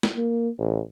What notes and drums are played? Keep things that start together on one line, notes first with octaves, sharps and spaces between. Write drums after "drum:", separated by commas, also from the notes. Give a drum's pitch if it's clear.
drum: snare
A#3
A1